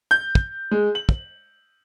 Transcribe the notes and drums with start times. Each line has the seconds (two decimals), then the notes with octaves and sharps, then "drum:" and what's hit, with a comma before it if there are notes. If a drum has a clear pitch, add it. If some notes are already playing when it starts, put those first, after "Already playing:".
0.11 G6
0.35 drum: kick
0.71 G#3
0.95 F#7
1.09 drum: kick